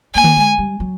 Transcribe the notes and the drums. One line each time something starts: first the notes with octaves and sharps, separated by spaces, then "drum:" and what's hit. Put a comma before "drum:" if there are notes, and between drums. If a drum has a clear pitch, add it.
A#3 G#5
drum: tom D3
G#3
G3
F#3